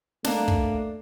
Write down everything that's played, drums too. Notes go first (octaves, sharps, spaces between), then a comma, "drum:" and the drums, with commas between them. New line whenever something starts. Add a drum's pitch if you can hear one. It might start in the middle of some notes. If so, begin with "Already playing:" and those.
A3 A#3 D4, drum: snare
drum: kick